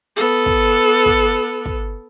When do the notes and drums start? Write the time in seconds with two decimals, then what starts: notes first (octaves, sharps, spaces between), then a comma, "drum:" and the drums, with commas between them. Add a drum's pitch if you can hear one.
0.16 B3 A4
0.46 drum: kick
1.06 drum: kick
1.65 drum: kick